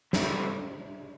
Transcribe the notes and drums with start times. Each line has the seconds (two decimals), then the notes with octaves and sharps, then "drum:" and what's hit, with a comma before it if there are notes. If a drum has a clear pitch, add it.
0.13 G2 D3 G3 C4, drum: snare